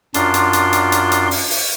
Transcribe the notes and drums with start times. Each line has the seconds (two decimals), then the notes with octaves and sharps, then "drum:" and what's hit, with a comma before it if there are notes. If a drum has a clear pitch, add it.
0.14 F#2 D4 F4 C6, drum: hi-hat
0.34 drum: hi-hat
0.53 drum: hi-hat
0.73 drum: hi-hat
0.92 drum: hi-hat
1.12 drum: hi-hat
1.31 drum: open hi-hat
1.50 drum: open hi-hat